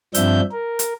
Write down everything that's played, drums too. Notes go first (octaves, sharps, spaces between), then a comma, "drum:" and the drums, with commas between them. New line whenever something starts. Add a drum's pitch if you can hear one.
G2 F3 C4 D4 E5 G6, drum: hi-hat
A#4
drum: hi-hat